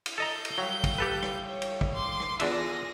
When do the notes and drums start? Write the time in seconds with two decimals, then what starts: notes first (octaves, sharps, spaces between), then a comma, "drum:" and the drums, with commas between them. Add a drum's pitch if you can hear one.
0.06 drum: cymbal
0.18 A4 D#5 A#5 G6
0.45 drum: cymbal
0.58 F#3 G3 F5 G5
0.84 drum: kick, cymbal
0.98 G4 A4 B4
1.23 drum: rim click
1.46 C#5
1.62 drum: cymbal
1.81 drum: kick
1.93 C6 D6
2.20 drum: rim click
2.40 E2 D4 F4 G#4 E5 A#6, drum: cymbal